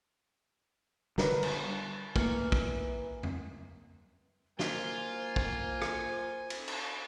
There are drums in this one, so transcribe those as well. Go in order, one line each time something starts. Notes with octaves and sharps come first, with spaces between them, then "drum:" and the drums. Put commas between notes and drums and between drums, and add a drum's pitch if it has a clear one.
D3 G3 A#4 B4, drum: snare
drum: cymbal
E3 A#3 C#6, drum: kick
drum: kick
drum: tom F2
A#3 F4 C5 G#5, drum: snare
drum: kick
drum: rim click
drum: cymbal
drum: cymbal